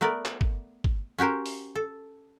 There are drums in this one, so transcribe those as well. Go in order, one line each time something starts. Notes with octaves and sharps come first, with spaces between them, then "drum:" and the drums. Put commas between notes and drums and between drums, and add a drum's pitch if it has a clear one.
A3 B3 A#4 D5
drum: clap
drum: kick
drum: kick
C#4 F#4 G4 A#4 C5
drum: open hi-hat
A4